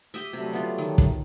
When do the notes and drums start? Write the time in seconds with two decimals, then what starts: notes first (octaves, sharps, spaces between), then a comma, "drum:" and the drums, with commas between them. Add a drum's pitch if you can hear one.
0.14 G4 D#5 E5
0.33 C3 F#3 G3 A3
0.53 B3 F4
0.78 D#3
0.98 drum: kick